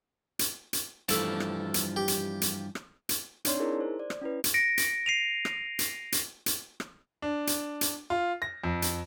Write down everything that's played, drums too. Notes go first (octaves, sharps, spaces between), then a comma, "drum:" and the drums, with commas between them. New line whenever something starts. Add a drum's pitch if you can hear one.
drum: hi-hat
drum: hi-hat
G2 E3 F3 A3 A5, drum: hi-hat
drum: rim click
drum: hi-hat
G4
drum: hi-hat
drum: hi-hat
drum: rim click
drum: hi-hat
C4 D4 D#4 C#5 D5 C6, drum: hi-hat
D#4 E4 G#4 A#4
C5
D5
drum: rim click
C#4 E4 B4
drum: hi-hat
A#6 C#7 D7
drum: hi-hat
C7 D#7 F7
drum: rim click
drum: hi-hat
drum: hi-hat
drum: hi-hat
drum: rim click
D4
drum: hi-hat
drum: hi-hat
F4
A#6
F2
drum: hi-hat